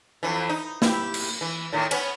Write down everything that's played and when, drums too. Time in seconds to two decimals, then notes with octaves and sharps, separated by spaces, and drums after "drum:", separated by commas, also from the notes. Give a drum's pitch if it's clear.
0.23 F2 E3
0.49 D#4
0.82 E4 G4, drum: snare
1.14 drum: cymbal
1.41 E3
1.73 A2 D#3
1.91 B3 C#4, drum: cymbal